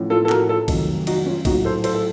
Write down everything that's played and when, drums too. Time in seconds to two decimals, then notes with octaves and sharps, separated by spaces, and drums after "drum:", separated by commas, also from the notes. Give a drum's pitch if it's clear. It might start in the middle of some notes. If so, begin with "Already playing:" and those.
Already playing: A1 A2 F3
0.10 F4 A4
0.25 A4
0.29 F#4 A#4, drum: clap
0.48 F4 A4
0.68 F1 F2 C3 D#3 F#3, drum: kick, cymbal
1.07 D#4 F#4, drum: cymbal
1.26 C#4 F4
1.45 A#1 A2 F#3 D#4 F#4, drum: kick, cymbal
1.65 A4 C5
1.84 A4 C5, drum: cymbal
1.94 A4